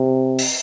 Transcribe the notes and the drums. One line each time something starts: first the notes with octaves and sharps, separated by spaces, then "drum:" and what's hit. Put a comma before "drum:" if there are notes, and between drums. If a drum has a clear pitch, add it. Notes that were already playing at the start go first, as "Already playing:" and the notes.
Already playing: C3
drum: open hi-hat